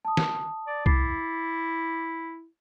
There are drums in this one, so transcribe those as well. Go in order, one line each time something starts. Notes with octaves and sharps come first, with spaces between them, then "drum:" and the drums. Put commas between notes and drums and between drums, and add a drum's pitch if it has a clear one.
A5 D#6
drum: snare
D5
E4 D6 A6 C7, drum: kick C2